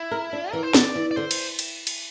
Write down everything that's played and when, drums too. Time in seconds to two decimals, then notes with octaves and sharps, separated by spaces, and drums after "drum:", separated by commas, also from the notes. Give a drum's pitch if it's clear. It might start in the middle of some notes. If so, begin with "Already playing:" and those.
Already playing: E4
0.11 A#4
0.33 D4
0.51 E3 A#4
0.63 C5
0.74 D3 D5, drum: snare
0.95 E3
1.11 D5
1.16 D3 C5
1.31 drum: cymbal
1.59 drum: cymbal
1.87 drum: cymbal